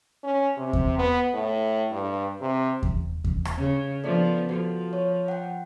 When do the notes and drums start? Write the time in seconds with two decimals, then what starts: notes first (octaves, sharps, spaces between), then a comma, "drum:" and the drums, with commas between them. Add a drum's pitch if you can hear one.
0.23 C#4
0.57 C3
0.73 drum: kick E2
0.98 B3
1.34 A2
1.91 G2
2.41 C3
2.83 drum: kick E2
3.24 drum: kick E2
3.45 drum: rim click
3.57 C#3
4.04 F3 B3 A4 D5
4.49 F3 F#4 A4
4.93 C#5
5.28 F#5 G5